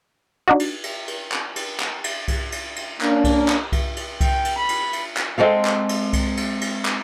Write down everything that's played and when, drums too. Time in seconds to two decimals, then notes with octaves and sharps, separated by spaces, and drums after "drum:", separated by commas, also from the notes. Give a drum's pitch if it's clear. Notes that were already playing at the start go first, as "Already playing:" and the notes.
0.48 D4 D#4 F#4
0.60 drum: cymbal
0.84 drum: cymbal
1.08 drum: cymbal
1.32 drum: clap
1.56 drum: cymbal
1.80 drum: clap
2.04 drum: cymbal
2.28 drum: kick C2, cymbal
2.52 drum: cymbal
2.76 drum: cymbal
3.01 A#3 C#4 D4, drum: clap
3.24 drum: kick C2, cymbal
3.48 drum: clap
3.72 drum: kick C2, cymbal
3.96 drum: cymbal
4.21 G5, drum: kick C2, cymbal
4.45 drum: cymbal
4.58 B5
4.69 drum: cymbal
4.93 drum: cymbal
5.17 drum: clap
5.38 G#3 C4 A4 F5
5.65 drum: clap
5.89 drum: cymbal
6.13 drum: kick C2, cymbal
6.37 drum: cymbal
6.61 drum: cymbal
6.85 drum: clap